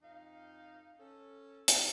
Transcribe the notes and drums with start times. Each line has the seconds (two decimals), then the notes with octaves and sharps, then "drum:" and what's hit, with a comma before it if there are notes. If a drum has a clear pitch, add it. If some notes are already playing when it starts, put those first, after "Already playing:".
0.02 F2 D#4 F5
0.98 C#4 A4
1.68 drum: hi-hat